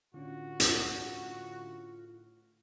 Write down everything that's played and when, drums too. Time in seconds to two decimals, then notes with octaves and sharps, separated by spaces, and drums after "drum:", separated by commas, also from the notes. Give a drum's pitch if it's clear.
0.14 A2 D3 C#4 D4 F4 F#4
0.60 drum: hi-hat